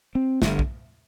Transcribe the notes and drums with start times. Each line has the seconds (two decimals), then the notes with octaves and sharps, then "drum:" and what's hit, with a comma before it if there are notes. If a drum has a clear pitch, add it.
0.15 C4
0.42 G1 G2 D3, drum: snare
0.59 drum: kick